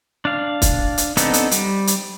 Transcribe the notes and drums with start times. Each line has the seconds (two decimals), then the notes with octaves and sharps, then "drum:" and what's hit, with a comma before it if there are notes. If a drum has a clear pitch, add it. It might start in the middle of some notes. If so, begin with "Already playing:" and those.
0.25 D4 F5
0.62 drum: kick, hi-hat
0.98 drum: hi-hat
1.17 B3 C4 D4 D#4 A4, drum: hi-hat
1.33 drum: hi-hat
1.51 G3, drum: hi-hat
1.87 drum: hi-hat